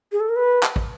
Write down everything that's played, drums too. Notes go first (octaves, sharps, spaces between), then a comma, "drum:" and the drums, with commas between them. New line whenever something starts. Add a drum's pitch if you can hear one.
G#4
A4
A#4
B4
drum: clap
drum: kick